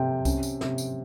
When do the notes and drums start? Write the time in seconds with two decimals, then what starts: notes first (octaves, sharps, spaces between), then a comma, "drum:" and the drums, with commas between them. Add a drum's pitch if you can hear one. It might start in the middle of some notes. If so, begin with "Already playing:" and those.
Already playing: C3 G5
0.25 C#4, drum: kick C2, tambourine
0.43 drum: tambourine
0.61 C3, drum: snare
0.78 drum: tambourine